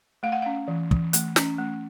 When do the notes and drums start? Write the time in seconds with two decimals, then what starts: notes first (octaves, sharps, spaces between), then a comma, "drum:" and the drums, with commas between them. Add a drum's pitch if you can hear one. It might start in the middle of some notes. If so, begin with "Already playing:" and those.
0.23 A3 F5
0.32 F#5
0.42 C#4 F5
0.68 E3
0.91 E3, drum: kick
1.13 A3, drum: hi-hat
1.36 C#4, drum: snare
1.58 A3